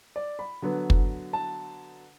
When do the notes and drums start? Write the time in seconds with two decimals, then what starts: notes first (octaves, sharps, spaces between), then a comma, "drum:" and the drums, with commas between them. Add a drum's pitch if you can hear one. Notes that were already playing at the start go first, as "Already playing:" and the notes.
0.16 D5
0.39 B5
0.62 D3 F#3 B3
0.90 drum: kick
1.33 A5